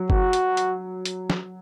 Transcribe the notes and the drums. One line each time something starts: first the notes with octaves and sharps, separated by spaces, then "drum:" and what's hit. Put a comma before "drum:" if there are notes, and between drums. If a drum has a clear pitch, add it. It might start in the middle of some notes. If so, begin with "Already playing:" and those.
Already playing: F#3
F#4, drum: kick
drum: hi-hat
drum: hi-hat
drum: hi-hat
drum: snare